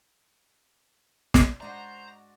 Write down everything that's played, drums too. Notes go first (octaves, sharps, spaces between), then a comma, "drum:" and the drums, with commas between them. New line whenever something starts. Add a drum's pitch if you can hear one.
drum: snare
G#2 D4 F#4 C5 D5 D#5 A#5